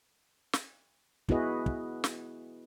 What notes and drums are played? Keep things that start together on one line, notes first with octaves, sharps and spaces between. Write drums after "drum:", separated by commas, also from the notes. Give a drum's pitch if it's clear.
drum: snare
B3 E4 F#4 G#4 B4 D#5, drum: kick
drum: kick
drum: snare